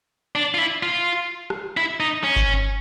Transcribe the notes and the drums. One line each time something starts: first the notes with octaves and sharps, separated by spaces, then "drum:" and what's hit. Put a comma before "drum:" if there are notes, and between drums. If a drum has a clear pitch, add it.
D4
F4
E4
F4
drum: rim click
E4
D#4
C#4
drum: kick G1